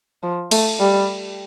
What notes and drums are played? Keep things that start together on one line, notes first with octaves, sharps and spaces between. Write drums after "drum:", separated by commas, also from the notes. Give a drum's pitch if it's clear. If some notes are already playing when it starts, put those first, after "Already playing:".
F3
A3, drum: cymbal
G3